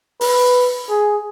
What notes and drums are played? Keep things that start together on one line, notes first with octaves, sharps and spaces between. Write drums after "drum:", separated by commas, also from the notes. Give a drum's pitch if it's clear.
B4, drum: open hi-hat
G#4